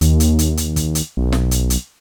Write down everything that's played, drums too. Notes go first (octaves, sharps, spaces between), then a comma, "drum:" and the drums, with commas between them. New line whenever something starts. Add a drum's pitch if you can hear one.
D#2, drum: hi-hat
drum: hi-hat
drum: hi-hat
drum: hi-hat
drum: kick, hi-hat
drum: hi-hat
B1
drum: snare
drum: hi-hat
drum: hi-hat